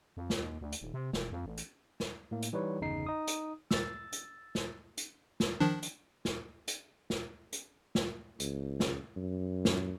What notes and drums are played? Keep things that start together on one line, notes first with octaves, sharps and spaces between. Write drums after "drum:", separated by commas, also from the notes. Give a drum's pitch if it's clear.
F2
drum: snare
D#2
D2
drum: hi-hat
D#1
C3
E1, drum: snare
F2
A1
drum: hi-hat
drum: snare
A2 A#3
drum: hi-hat
E3 G3 D#4 B4 C#5
G1 E2 C#3 D#4 C7
D#4 D#6
drum: hi-hat
E6 A6, drum: snare
drum: hi-hat
drum: snare
drum: hi-hat
drum: snare
D#3 F3 D4
drum: hi-hat
drum: snare
drum: hi-hat
drum: snare
drum: hi-hat
drum: snare
C#2, drum: hi-hat
drum: snare
F#2
drum: snare